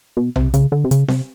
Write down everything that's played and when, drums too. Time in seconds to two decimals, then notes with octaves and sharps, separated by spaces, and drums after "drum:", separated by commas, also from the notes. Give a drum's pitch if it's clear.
0.17 B2
0.36 C3, drum: tom B1
0.54 C#3, drum: hi-hat
0.72 D3
0.84 C3
0.91 C#3, drum: hi-hat
1.08 C3, drum: snare C4